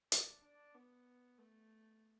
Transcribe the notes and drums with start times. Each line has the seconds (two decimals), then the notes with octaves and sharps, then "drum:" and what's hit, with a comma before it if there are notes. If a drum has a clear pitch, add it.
0.12 D4, drum: hi-hat
0.43 D4
0.75 B3
1.38 A3